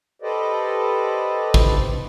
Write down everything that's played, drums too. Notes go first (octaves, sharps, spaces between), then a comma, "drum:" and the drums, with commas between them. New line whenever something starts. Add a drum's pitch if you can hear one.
G4 A4 B4 C5 D5 D#5
drum: kick A1